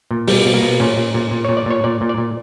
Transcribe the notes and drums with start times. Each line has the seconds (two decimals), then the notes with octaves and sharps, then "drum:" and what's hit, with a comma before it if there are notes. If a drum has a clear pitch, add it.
0.11 A#2
0.27 B2 G3, drum: open hi-hat
0.45 B2
0.54 A#3
0.63 B2
0.80 A#2 C#4
0.97 A#2
1.14 A#2
1.31 A#2
1.45 A#2 C#5
1.57 D5
1.66 A#2 C#5
1.84 A#2 D5
2.01 A#2
2.09 D5
2.18 A#2